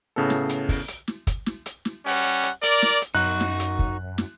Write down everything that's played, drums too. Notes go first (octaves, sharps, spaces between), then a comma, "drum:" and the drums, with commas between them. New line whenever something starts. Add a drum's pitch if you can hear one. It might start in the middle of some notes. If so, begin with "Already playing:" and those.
A2 C#3 B3 A4
drum: snare
drum: hi-hat
drum: kick, open hi-hat
drum: hi-hat
drum: snare
drum: kick, hi-hat
drum: snare
drum: hi-hat
drum: snare
G3 C#4 F#5, drum: open hi-hat
drum: hi-hat
drum: hi-hat
A#4 D5, drum: hi-hat
drum: snare
drum: hi-hat
F#2 D#4 F#4 F#6
drum: snare
drum: hi-hat
drum: kick
drum: snare